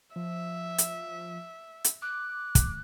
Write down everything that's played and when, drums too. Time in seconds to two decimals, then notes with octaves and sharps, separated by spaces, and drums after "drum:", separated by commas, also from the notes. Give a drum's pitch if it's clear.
0.16 F3 E5
0.78 drum: hi-hat
1.84 drum: hi-hat
2.02 D6 F#6
2.55 drum: kick, hi-hat